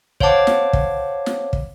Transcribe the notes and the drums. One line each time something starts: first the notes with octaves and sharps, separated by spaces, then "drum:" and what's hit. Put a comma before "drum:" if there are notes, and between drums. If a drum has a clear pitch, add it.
C5 C#5 F5 F#5 A5 D6, drum: kick
drum: snare
drum: kick
drum: snare
drum: kick